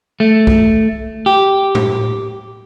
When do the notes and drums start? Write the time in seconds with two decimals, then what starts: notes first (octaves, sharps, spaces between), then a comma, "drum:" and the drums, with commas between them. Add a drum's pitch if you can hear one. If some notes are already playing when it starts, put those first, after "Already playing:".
0.20 A3
0.47 drum: kick
1.26 G4
1.75 drum: tom A2